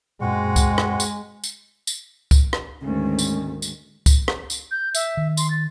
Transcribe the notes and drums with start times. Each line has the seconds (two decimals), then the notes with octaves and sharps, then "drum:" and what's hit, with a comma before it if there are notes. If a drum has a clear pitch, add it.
0.21 F#2 A#2 G#3 C4 F#4 F#5
0.56 drum: kick, tambourine
0.78 drum: rim click
1.00 drum: tambourine
1.44 drum: tambourine
1.87 drum: tambourine
2.31 drum: kick, tambourine
2.53 drum: rim click
2.81 D2 G#2 D#3 G#3 C#4
3.19 drum: tambourine
3.62 drum: tambourine
4.06 drum: kick, tambourine
4.28 drum: rim click
4.50 drum: tambourine
4.71 G6
4.95 E5, drum: tambourine
5.17 D#3
5.37 C6, drum: tambourine
5.50 A6